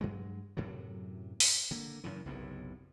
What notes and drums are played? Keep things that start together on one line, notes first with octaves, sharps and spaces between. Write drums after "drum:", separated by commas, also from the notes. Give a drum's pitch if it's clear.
G2 F#3 G#3
F#2 A2 C3 F#3
drum: open hi-hat
D3 A#3
F#2 A2 C#3 E3
F#1 B1 A2 C3